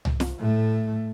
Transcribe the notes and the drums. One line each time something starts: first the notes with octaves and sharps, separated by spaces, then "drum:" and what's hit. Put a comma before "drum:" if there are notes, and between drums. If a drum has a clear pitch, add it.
drum: tom C2
drum: snare
A2 A3